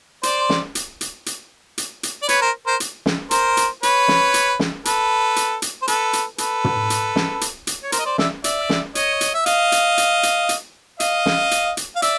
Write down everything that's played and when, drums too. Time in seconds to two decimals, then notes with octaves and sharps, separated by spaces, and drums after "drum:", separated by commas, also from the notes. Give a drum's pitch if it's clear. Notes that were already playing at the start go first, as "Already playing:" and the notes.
0.23 C5 D5, drum: hi-hat
0.49 drum: snare
0.75 drum: hi-hat
1.01 drum: hi-hat
1.26 drum: hi-hat
1.78 drum: hi-hat
2.03 drum: hi-hat
2.23 D5
2.29 B4 C#5, drum: hi-hat
2.42 A#4 C5
2.67 A#4 C5
2.80 drum: hi-hat
3.06 drum: snare
3.31 A#4 C5, drum: hi-hat
3.57 drum: hi-hat
3.83 B4 C#5, drum: hi-hat
4.08 drum: snare
4.34 drum: hi-hat
4.59 drum: snare
4.85 A4 B4, drum: hi-hat
5.36 drum: hi-hat
5.62 drum: hi-hat
5.82 C5
5.88 A4 B4, drum: hi-hat
6.13 drum: hi-hat
6.38 A4 B4, drum: hi-hat
6.64 drum: tom
6.90 drum: hi-hat
7.16 drum: snare
7.41 drum: hi-hat
7.67 drum: hi-hat
7.83 C#5
7.92 A#4 C5, drum: hi-hat
7.99 D#5
8.05 C5 D5
8.18 D5 E5, drum: snare
8.44 D5 E5, drum: hi-hat
8.69 drum: snare
8.95 C#5 D#5, drum: hi-hat
9.21 drum: hi-hat
9.34 E5
9.46 D#5 F5, drum: hi-hat
9.72 drum: hi-hat
9.98 drum: hi-hat
10.23 drum: hi-hat
10.49 drum: hi-hat
11.00 D#5 F5, drum: hi-hat
11.26 drum: snare
11.51 drum: hi-hat
11.77 drum: hi-hat
11.96 F5
12.02 D5 E5, drum: hi-hat